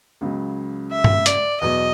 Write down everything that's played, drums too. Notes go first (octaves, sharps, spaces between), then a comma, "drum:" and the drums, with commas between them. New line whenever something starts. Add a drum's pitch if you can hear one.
C#2 C#3 F#3
E5
drum: tom
D5, drum: hi-hat
E2 B2 F#3 D#5